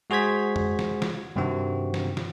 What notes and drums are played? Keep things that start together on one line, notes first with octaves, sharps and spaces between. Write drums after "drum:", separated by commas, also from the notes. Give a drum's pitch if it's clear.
G#3 F#4 G#4 C5 G#6 B6
drum: tom
drum: snare
drum: snare
G2 C3 D#3 C4 F#4
drum: snare
drum: snare